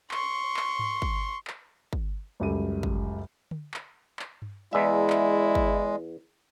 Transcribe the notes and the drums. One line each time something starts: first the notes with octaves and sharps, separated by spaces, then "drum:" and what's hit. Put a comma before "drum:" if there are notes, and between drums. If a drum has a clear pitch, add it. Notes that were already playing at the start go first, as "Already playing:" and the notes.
C6 C#6, drum: clap
drum: clap
drum: tom G#2
drum: kick
drum: clap
drum: kick
C#2 F#2 G3 A4 D#7
drum: kick
drum: tom D3
drum: clap
drum: clap
drum: tom G2
E2 G#3 E4 D5 E5
drum: clap
drum: kick